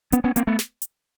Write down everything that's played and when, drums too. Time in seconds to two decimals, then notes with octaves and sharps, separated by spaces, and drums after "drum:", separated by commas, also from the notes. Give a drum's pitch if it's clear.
0.12 B3 C#4, drum: hi-hat
0.24 B3 C#4
0.36 A#3 C4, drum: hi-hat
0.47 A3 B3
0.59 drum: snare
0.82 drum: hi-hat